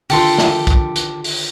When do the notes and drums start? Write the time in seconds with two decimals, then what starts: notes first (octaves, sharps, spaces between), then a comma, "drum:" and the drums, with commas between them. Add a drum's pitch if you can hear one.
0.10 D3 D#3 F4 G4 A4 C6, drum: open hi-hat
0.38 drum: snare
0.67 drum: kick, hi-hat
0.96 drum: hi-hat
1.24 drum: open hi-hat